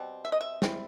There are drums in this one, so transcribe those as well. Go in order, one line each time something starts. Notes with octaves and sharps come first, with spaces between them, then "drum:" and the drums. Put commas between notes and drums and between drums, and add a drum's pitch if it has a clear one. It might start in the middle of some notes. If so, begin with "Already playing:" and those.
Already playing: B2 G3 C4
E5
D#5
E5
G3 C4 E4, drum: snare